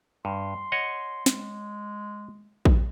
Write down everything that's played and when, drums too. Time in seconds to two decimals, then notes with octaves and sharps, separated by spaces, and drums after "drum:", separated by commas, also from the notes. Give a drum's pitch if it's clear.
0.25 G2 C6
0.72 C#5 D#5 F#5
1.26 G#3, drum: snare
2.65 drum: kick A#1